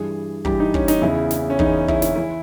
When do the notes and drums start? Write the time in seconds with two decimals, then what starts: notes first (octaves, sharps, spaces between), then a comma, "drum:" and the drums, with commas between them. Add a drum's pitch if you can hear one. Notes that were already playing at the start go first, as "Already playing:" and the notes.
Already playing: G2 E3 G#4
0.45 G2 E3 G4, drum: kick
0.60 D#4
0.74 C#4, drum: kick
0.88 D#4, drum: snare
1.02 E2 C#3 E3 E4
1.31 drum: snare
1.50 C#4
1.59 E2 C#3 E3 D#4, drum: kick
1.88 E4, drum: kick
2.02 drum: snare
2.16 E3 E4